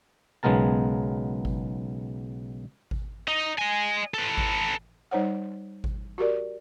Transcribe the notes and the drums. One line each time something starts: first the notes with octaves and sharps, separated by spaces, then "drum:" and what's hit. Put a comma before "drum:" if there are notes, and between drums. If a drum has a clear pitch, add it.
B1 C#3 G#3 B3 A#4 A5
drum: kick G#1
drum: kick G#1
D#4
D#5 G#5
A4 B4
drum: kick G#1
G3 D#4 C5 C#5 F#5
drum: kick G#1
F#4 G4 A#4 D5